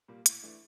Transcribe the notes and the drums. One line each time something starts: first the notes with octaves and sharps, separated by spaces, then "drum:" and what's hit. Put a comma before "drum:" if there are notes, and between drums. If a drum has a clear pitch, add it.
A#2 G3 A#3
A2, drum: hi-hat
E3 A3 D4